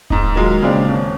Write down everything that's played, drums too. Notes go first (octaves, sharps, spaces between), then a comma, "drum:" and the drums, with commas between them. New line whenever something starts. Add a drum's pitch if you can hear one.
G#2 D#4, drum: kick D#1
D#3 F#3 G#3 F4
A#2 C#3 G#3 C4 D4
D#1